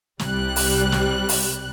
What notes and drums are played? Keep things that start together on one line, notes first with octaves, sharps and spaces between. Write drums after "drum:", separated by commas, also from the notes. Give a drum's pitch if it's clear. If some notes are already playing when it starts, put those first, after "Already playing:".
C2 G3 F#6, drum: snare
drum: open hi-hat
drum: snare
drum: open hi-hat